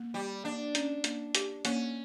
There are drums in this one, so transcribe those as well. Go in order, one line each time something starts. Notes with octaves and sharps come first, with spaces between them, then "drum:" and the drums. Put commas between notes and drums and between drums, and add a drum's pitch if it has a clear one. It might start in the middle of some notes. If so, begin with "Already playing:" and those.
Already playing: A#3
G3 G4
A#3 D4
C#4, drum: hi-hat
A#3, drum: hi-hat
G4, drum: hi-hat
A#3 C#4, drum: hi-hat